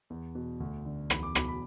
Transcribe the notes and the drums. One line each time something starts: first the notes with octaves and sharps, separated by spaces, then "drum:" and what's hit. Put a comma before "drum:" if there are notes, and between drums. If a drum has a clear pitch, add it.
E2
B2
D2
D3
E2 B5, drum: rim click
D6
B2 B5, drum: rim click
B5